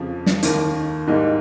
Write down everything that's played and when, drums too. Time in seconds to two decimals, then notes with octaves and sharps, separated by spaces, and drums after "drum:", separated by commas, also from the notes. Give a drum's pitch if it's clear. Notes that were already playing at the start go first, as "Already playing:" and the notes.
Already playing: F2 C#3 F3
0.26 drum: snare
0.43 D#2 D#3 A#3, drum: hi-hat
1.07 G#2 G3 A#3 D#4